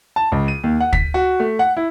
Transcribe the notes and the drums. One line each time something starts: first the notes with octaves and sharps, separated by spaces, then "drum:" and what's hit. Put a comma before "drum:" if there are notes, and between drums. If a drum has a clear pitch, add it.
A5
C#2
D#7
D#2
F#5
B6, drum: kick
F#4
A3
F#5
E4